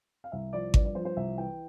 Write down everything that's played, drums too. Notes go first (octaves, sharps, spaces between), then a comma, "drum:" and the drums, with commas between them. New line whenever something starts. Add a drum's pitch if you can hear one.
F5
C2 E5
F3 D5
G2 D5, drum: kick G#1
D5
F3 C5
C5
C2 E5
E3 G5